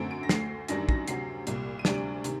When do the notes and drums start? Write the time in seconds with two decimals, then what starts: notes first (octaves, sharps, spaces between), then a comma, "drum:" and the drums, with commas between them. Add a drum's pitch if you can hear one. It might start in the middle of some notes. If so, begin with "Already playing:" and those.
Already playing: F#2 D3 A3 C4 D7
0.11 D7
0.23 A#6
0.29 D2 D3 A3 C7, drum: snare
0.68 F#2 D#3 G3 D4 A#6, drum: hi-hat
0.89 A#6, drum: kick
1.07 D2 C3 F#3 C7, drum: hi-hat
1.47 C2 A#2 G3, drum: hi-hat
1.79 D#7
1.85 D2 C3 G3 D4 D7, drum: snare
2.24 C3 D#3, drum: hi-hat